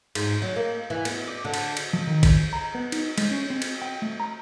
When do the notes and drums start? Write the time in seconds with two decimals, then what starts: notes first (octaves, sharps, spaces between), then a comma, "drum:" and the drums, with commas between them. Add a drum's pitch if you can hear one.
0.15 G#2, drum: cymbal
0.42 F#3
0.56 A#3
0.90 E3
1.05 B3, drum: cymbal
1.27 D5
1.45 D3
1.54 drum: cymbal
1.77 drum: cymbal
1.93 F3
2.07 D#3
2.23 drum: kick A1, cymbal
2.53 A#5
2.75 B3
2.92 D#4, drum: cymbal
3.18 G#3, drum: cymbal
3.31 C#4
3.50 C4
3.62 drum: cymbal
3.82 G5
4.02 A3
4.20 A#5